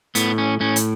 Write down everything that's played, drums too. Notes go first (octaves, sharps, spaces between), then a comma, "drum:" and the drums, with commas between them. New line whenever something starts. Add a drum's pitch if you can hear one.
A2 B3, drum: hi-hat
C#4
A2 C#4
drum: hi-hat